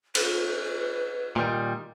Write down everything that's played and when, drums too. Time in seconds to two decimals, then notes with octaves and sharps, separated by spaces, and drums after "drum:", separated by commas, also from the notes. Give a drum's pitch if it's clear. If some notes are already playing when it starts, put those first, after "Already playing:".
0.15 B4, drum: cymbal
1.36 A#2 D#3 G3